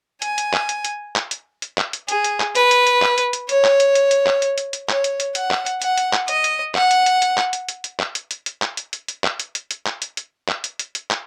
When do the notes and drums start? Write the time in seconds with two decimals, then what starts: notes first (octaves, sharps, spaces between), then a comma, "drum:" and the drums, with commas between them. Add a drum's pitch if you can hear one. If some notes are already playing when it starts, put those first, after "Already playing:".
0.22 G#5, drum: hi-hat
0.38 drum: hi-hat
0.53 drum: clap
0.69 drum: hi-hat
0.85 drum: hi-hat
1.16 drum: clap
1.31 drum: hi-hat
1.62 drum: hi-hat
1.78 drum: clap
1.93 drum: hi-hat
2.08 G#4, drum: hi-hat
2.24 drum: hi-hat
2.40 drum: clap
2.55 B4, drum: hi-hat
2.71 drum: hi-hat
2.87 drum: hi-hat
3.02 drum: clap
3.18 drum: hi-hat
3.33 drum: hi-hat
3.49 C#5, drum: hi-hat
3.64 drum: clap
3.80 drum: hi-hat
3.95 drum: hi-hat
4.11 drum: hi-hat
4.27 drum: clap
4.42 drum: hi-hat
4.58 drum: hi-hat
4.73 drum: hi-hat
4.89 C#5, drum: clap
5.04 drum: hi-hat
5.20 drum: hi-hat
5.35 F#5, drum: hi-hat
5.51 drum: clap
5.66 drum: hi-hat
5.82 F#5, drum: hi-hat
5.98 drum: hi-hat
6.13 drum: clap
6.28 D#5, drum: hi-hat
6.44 drum: hi-hat
6.75 F#5, drum: clap
6.91 drum: hi-hat
7.06 drum: hi-hat
7.22 drum: hi-hat
7.37 drum: clap
7.53 drum: hi-hat
7.69 drum: hi-hat
7.84 drum: hi-hat
8.00 drum: clap
8.15 drum: hi-hat
8.31 drum: hi-hat
8.46 drum: hi-hat
8.62 drum: clap
8.77 drum: hi-hat
8.93 drum: hi-hat
9.08 drum: hi-hat
9.24 drum: clap
9.40 drum: hi-hat
9.55 drum: hi-hat
9.71 drum: hi-hat
9.86 drum: clap
10.02 drum: hi-hat
10.17 drum: hi-hat
10.48 drum: clap
10.64 drum: hi-hat
10.79 drum: hi-hat
10.95 drum: hi-hat
11.11 drum: clap